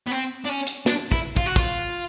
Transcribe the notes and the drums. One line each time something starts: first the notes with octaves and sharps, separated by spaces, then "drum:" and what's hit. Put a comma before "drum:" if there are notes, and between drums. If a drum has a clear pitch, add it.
B3
C4
D4
C#4
drum: hi-hat
D4, drum: snare
E4, drum: kick
F4, drum: kick
F#4
F4, drum: kick